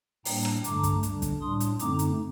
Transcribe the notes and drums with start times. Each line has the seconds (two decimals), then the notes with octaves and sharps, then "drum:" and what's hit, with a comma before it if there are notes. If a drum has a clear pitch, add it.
0.25 A2 G3 A#3 D4 G5 A#5, drum: open hi-hat
0.45 drum: rim click
0.64 G2 D3 A3 D4 A#5 D6, drum: hi-hat
0.83 drum: kick, hi-hat
1.03 D3 G3 D4, drum: hi-hat
1.22 drum: kick, hi-hat
1.41 A2 G3 D4 C6 D#6
1.60 drum: hi-hat
1.79 F#2 D3 A3 C4 D#4 A#5 D6, drum: hi-hat
1.99 drum: hi-hat